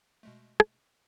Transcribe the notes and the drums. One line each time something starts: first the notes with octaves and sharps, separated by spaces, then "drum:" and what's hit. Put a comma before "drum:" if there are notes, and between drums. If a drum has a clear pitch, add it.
B2 G#3 A3
drum: rim click